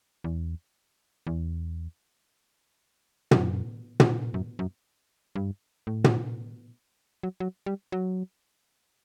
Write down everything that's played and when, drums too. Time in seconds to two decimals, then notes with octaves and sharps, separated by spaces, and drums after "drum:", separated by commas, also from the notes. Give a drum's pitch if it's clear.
0.24 E2
1.27 E2
3.31 F#2, drum: tom
4.00 drum: tom
4.34 F#2
4.59 F#2
5.36 G2
5.87 A2
6.04 drum: tom
7.23 F#3
7.40 F#3
7.66 G3
7.92 F#3